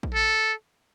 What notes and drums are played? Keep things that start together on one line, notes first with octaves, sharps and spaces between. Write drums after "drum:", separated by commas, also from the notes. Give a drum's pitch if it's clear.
drum: kick A#1
A4